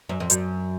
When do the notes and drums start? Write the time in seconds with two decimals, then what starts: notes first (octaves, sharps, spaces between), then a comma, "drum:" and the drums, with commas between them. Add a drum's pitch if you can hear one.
0.09 F#2
0.20 F2
0.30 F#2, drum: hi-hat